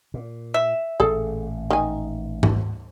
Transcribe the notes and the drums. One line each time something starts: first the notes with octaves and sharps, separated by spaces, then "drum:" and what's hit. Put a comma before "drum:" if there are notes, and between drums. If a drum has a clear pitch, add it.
A#2
E5
A1 A#2 G#4 A4
D#3 G#5
drum: tom G#2